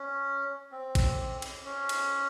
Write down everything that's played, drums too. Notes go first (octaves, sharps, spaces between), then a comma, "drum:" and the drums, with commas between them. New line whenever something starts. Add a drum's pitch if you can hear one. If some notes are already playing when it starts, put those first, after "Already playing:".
Already playing: C#4
C4
drum: kick A1, cymbal
drum: cymbal
C#4
drum: cymbal